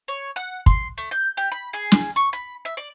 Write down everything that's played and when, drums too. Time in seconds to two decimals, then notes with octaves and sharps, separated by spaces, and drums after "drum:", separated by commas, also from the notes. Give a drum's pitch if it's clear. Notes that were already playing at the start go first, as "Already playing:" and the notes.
0.08 C#5
0.36 F#5
0.66 C6, drum: kick
0.98 A3
1.11 G6
1.37 G4
1.52 B5
1.73 G#4
1.92 drum: snare
2.16 C#6
2.33 B5
2.65 E5
2.77 D5